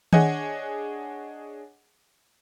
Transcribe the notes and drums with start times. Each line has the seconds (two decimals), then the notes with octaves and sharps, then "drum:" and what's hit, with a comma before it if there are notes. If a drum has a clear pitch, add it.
0.13 D4 G#4 C#5 D#5 F#5 G#5, drum: tom D#3